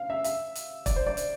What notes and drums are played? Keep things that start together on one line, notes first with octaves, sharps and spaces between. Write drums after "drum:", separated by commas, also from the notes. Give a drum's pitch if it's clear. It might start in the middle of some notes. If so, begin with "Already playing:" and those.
Already playing: F5
E5
E5, drum: hi-hat
drum: hi-hat
D5, drum: kick, hi-hat
C5
D5
drum: hi-hat